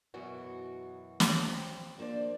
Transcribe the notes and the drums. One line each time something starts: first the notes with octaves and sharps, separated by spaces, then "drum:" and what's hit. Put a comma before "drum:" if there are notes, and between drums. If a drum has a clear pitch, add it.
F#2 B2 E3 F#4
drum: snare
C4
F3 A#3 D4 C5 D5